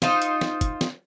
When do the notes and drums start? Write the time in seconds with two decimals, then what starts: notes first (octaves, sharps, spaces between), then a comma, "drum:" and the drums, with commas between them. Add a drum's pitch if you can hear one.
0.02 D#4 F4 C5, drum: snare
0.22 drum: hi-hat
0.41 drum: snare
0.61 drum: kick, hi-hat
0.81 drum: snare